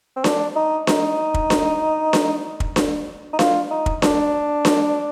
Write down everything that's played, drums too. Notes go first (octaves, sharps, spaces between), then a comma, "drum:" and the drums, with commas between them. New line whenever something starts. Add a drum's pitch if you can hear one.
C4
D4, drum: snare D4
D#4
D#4, drum: snare D4
drum: kick
drum: snare D4
drum: snare D4
drum: kick
drum: snare D4
D#4
F4, drum: snare D4
D#4
drum: kick
D4, drum: snare D4
drum: snare D4